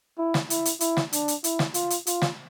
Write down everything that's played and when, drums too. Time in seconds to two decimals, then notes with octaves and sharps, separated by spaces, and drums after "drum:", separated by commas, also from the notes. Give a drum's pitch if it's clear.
0.18 E4
0.34 drum: snare
0.50 E4, drum: hi-hat
0.65 drum: hi-hat
0.80 E4, drum: hi-hat
0.97 drum: snare
1.13 D4, drum: hi-hat
1.28 drum: hi-hat
1.44 E4, drum: hi-hat
1.59 drum: snare
1.74 F4, drum: hi-hat
1.90 drum: hi-hat
2.07 F4, drum: hi-hat
2.22 drum: snare